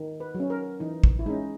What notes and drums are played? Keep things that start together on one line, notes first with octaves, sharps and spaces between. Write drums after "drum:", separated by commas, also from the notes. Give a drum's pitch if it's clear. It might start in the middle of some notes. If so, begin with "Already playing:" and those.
Already playing: D#3
B4
F#3
C#4
A#4
E3 D#4
drum: kick
E4
G#3 C#4 D#4